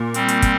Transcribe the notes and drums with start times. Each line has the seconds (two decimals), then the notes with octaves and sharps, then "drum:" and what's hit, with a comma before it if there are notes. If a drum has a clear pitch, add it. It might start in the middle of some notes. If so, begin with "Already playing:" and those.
Already playing: A#2
0.14 G3 C4, drum: hi-hat
0.28 drum: hi-hat
0.42 drum: kick, hi-hat